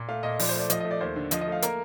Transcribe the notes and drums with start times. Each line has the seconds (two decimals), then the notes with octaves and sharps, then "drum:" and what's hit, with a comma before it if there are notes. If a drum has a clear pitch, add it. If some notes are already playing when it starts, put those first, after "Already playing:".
Already playing: A#2
0.08 A3 F5
0.23 A#2 D#5
0.39 F3 D5, drum: open hi-hat
0.49 C5
0.54 A3 D5
0.70 F3 D#5, drum: hi-hat
0.80 D#5
0.85 A3
0.91 D5
1.01 D#2 C5
1.16 D3
1.31 F3 D#5, drum: hi-hat
1.41 D#5
1.48 A3 F5
1.62 A#3 A#4, drum: hi-hat